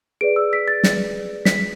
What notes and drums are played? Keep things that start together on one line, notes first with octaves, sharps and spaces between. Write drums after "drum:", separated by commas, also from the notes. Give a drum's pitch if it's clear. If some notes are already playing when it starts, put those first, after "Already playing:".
G#4 B4 D5 D7
E6
B6
A6
drum: snare
B6, drum: snare